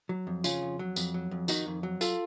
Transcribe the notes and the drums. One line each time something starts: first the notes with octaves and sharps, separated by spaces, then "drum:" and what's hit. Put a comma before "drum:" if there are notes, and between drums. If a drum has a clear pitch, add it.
F#3
F2
C#3 C#4 F4, drum: tambourine
F2
F#3
F2, drum: tambourine
F#3
F2
D#3 D#4 F#4, drum: tambourine
F2
F#3
F4 A4, drum: tambourine